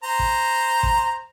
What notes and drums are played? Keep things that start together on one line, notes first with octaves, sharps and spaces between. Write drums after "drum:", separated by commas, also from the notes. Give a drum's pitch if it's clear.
C5 A#5
drum: kick
drum: kick